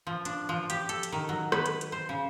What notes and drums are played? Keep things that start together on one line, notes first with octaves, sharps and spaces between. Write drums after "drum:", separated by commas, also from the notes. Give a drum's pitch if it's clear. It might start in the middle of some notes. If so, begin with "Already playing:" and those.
F3
D4, drum: hi-hat
F3
G4, drum: hi-hat
A4, drum: hi-hat
drum: hi-hat
D#3
F#3
B4, drum: rim click
drum: hi-hat
drum: hi-hat
C5
C#3